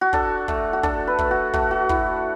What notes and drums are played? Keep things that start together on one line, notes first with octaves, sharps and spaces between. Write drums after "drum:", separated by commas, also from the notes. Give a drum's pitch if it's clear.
F#4
D4 A4, drum: kick
A3, drum: kick
F#4
D4 A4, drum: kick
B4
A3, drum: kick
F#4
A3 F#4, drum: kick
F#4
E4, drum: kick